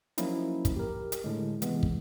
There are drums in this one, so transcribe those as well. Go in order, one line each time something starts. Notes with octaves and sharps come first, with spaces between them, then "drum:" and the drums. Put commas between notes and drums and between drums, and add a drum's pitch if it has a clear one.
F3 F#3 A#3 C#4 D#4 E4, drum: hi-hat
drum: kick, hi-hat
G4 A#4
drum: hi-hat
A2 D3 G#3
C3 E3 G#3 B3, drum: hi-hat
drum: kick